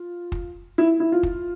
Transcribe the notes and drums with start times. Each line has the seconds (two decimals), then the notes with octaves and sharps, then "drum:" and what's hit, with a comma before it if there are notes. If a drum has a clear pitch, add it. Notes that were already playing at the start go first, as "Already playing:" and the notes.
Already playing: F4
0.32 drum: kick
0.78 E4
1.00 E4
1.12 F4
1.23 drum: kick